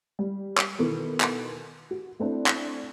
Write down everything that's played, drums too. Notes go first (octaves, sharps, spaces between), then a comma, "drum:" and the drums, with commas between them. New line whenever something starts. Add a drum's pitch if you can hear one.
G3
drum: clap
B2 D#3 E3 B3 A4
drum: clap
F#4
A3 C4 D4 E4
drum: clap